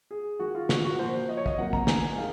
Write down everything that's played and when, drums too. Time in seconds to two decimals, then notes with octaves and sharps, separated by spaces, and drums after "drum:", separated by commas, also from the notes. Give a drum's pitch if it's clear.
0.11 G#4
0.39 D#3 G#3 F#4
0.55 F4
0.69 F#4, drum: snare
0.85 F#4
0.99 A#2 F3 A#3 C5
1.29 D#5
1.37 C#5
1.46 D#5, drum: kick
1.58 C3 F#3 A#3 F#5
1.73 A#5, drum: kick
1.87 G#5, drum: snare
2.17 D#3 G#3 F5